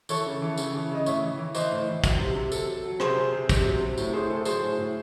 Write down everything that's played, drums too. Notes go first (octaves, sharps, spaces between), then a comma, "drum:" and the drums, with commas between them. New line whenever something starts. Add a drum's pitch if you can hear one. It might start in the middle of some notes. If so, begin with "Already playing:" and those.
E3 A4 C#5, drum: tambourine
C#3
E3
C#3, drum: tambourine
E3
C#3 D#5
A2 C#5 E5, drum: tambourine
E3
E3
E3 C5 D#5, drum: tambourine
A2
E3
F#3, drum: kick, tambourine
C3
C3
F#3 A4, drum: tambourine
F#3
F#3
C3 G#4 C5, drum: rim click
C3
C3
C3, drum: kick, tambourine
F#3
C3
A2, drum: tambourine
A2 G#4 C5
A2 A4
F#3 G#4 C5, drum: tambourine
A2
A2